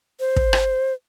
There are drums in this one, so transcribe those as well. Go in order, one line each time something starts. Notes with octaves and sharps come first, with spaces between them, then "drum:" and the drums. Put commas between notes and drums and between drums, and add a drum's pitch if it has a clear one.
C5
drum: kick
drum: rim click